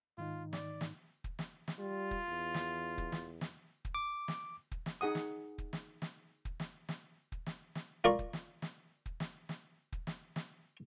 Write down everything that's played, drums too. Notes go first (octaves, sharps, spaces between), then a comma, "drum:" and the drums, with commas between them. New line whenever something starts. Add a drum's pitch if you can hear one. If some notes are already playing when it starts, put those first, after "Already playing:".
G#2 D#3 D#4 F4
D5, drum: snare
drum: snare
drum: kick
drum: snare
drum: snare
G3 F4
drum: kick
E2
drum: snare
drum: kick
drum: snare
drum: snare
drum: kick
D6
drum: snare
drum: kick
drum: snare
D#4 G#4 F#5 D#6
drum: snare
drum: kick
drum: snare
drum: snare
drum: kick
drum: snare
drum: snare
drum: kick
drum: snare
drum: snare
F4 A#4 D5 C#6
drum: kick
drum: snare
drum: snare
drum: kick
drum: snare
drum: snare
drum: kick
drum: snare
drum: snare